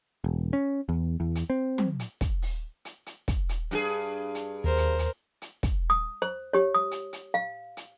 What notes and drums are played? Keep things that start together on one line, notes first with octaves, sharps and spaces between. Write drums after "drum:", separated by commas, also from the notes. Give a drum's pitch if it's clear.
E1
C#4
E2
E2
drum: hi-hat
C4
drum: tom
drum: hi-hat
drum: kick, hi-hat
drum: open hi-hat
drum: hi-hat
drum: hi-hat
drum: kick, hi-hat
drum: hi-hat
G2 F#4 G#4, drum: hi-hat
drum: hi-hat
D#2 A#4 C5
drum: hi-hat
drum: hi-hat
drum: hi-hat
drum: kick, hi-hat
D#6
C5
G4 C#5
D#6
drum: hi-hat
drum: hi-hat
F5
drum: hi-hat